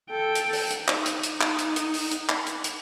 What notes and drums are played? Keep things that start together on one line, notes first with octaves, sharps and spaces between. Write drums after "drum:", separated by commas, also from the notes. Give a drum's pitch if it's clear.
A4 G5
drum: hi-hat
drum: open hi-hat
drum: hi-hat
D#4, drum: clap
drum: hi-hat
drum: hi-hat
drum: clap
drum: hi-hat
drum: hi-hat
drum: open hi-hat
drum: hi-hat
drum: clap
drum: hi-hat
drum: hi-hat